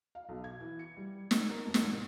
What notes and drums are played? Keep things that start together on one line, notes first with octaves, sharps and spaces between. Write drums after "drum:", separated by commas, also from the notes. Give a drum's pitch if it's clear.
F5
B1
G#6
E3
C#7
G3
D#3, drum: snare
A#4
E1
drum: snare
G#2